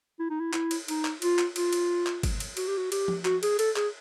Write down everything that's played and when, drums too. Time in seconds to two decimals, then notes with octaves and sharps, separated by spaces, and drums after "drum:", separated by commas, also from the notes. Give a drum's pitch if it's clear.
0.19 E4
0.30 D#4
0.40 E4
0.53 E4, drum: clap
0.71 drum: cymbal
0.88 D#4, drum: cymbal
1.05 drum: clap
1.22 F4, drum: cymbal
1.39 drum: clap
1.56 F4, drum: cymbal
1.73 drum: cymbal
2.06 drum: clap
2.23 drum: kick G1, cymbal
2.40 drum: cymbal
2.57 F#4, drum: cymbal
2.67 G4
2.77 F#4
2.92 G4, drum: cymbal
3.08 drum: tom F3
3.25 F#4, drum: clap
3.43 G#4, drum: cymbal
3.59 A4, drum: cymbal
3.76 G#4, drum: clap